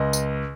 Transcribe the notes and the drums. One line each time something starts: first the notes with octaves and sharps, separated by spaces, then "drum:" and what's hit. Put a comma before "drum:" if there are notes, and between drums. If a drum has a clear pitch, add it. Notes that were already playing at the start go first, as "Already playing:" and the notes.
Already playing: C#2 D#5
drum: tambourine